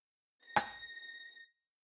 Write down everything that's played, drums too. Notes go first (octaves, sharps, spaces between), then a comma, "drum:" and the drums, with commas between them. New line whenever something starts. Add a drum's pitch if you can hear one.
A#6
drum: rim click